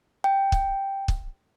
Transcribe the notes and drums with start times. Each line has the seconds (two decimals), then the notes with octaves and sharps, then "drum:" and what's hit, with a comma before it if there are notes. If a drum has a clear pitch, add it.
0.24 G5
0.52 drum: kick
1.08 drum: kick